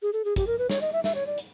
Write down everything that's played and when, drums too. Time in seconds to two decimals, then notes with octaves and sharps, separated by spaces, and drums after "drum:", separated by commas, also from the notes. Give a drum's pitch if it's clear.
0.02 G#4
0.13 A4
0.25 G#4
0.36 G4, drum: kick, hi-hat
0.47 A#4
0.58 B4
0.70 C#5, drum: snare
0.81 D#5
0.93 E5
1.04 E5, drum: snare
1.15 C#5
1.26 D5
1.38 drum: hi-hat